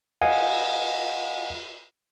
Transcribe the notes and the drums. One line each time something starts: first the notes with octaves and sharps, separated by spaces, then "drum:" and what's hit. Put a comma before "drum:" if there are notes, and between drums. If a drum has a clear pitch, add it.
D#5 F5 F#5 G#5, drum: cymbal